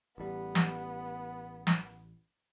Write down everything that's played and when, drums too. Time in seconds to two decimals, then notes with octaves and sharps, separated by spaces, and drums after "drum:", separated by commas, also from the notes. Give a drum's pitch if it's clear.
0.18 A1 G3 B3
0.55 drum: snare
1.67 drum: snare